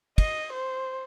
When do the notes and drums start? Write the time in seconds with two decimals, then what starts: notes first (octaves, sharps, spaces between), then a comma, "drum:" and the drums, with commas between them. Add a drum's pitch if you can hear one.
0.18 D#5, drum: kick, cymbal
0.53 C5